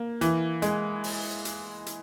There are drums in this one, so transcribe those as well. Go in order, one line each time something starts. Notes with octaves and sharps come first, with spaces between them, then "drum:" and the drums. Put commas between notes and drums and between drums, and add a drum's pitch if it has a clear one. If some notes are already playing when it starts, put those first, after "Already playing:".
Already playing: A#3
E3, drum: hi-hat
G#3, drum: hi-hat
drum: open hi-hat
drum: hi-hat
drum: hi-hat